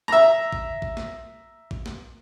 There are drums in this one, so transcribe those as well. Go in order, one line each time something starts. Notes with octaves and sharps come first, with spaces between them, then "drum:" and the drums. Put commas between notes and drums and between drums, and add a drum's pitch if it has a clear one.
E5 A#5, drum: snare
drum: kick
drum: kick
drum: snare
drum: kick
drum: snare